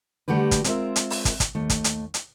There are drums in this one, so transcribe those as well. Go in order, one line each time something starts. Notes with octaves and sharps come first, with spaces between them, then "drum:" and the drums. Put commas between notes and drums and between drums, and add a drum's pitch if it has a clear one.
D3 G3 A3 F#4 G4 B4
drum: kick, hi-hat
G#3 C4 E4 F4 A#4 E5, drum: hi-hat
drum: hi-hat
drum: open hi-hat
drum: kick, hi-hat
drum: kick, hi-hat
D#2 A3
drum: kick, hi-hat
drum: hi-hat
drum: hi-hat